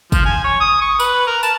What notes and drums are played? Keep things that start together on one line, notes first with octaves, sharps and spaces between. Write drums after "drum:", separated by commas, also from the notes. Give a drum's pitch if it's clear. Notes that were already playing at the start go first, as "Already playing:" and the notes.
F3, drum: kick, tambourine
G#5
C#5
D#6
C#6
B4, drum: tambourine
A#4
A5, drum: tambourine